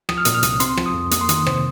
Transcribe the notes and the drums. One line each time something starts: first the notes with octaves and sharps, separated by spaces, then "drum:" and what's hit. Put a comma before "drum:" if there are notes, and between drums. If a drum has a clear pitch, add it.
F3 D#6, drum: rim click
F6
A#2 D#6, drum: hi-hat
F6
C2 D#6, drum: hi-hat
C4 C6, drum: hi-hat
F3, drum: rim click
D#6
F2
A#3 D#6, drum: hi-hat
C6
D#3 D#6, drum: hi-hat
C3 C5, drum: rim click